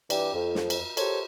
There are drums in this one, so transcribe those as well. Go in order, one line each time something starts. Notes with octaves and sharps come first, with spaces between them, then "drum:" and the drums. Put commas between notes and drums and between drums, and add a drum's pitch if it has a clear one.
G2 E3 D4 G4 D5, drum: cymbal
F2
drum: snare
drum: cymbal
G4 A4 A#4 C5 C#5, drum: cymbal